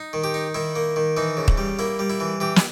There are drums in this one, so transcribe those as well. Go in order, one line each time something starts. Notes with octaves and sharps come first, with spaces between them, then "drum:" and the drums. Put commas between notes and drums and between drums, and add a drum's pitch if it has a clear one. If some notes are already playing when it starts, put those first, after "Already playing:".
Already playing: D#4
D#3
G4
D#4
D#3 E4
A#3
D#3
E3 D#4
C#3
drum: kick
G3
A#3 E4
G3
E4
E3
E3 G4
drum: snare